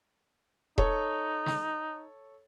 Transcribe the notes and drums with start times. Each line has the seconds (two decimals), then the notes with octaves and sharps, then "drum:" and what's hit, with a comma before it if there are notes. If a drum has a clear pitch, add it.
0.78 D#4 A4 C#5, drum: kick E1
1.46 drum: snare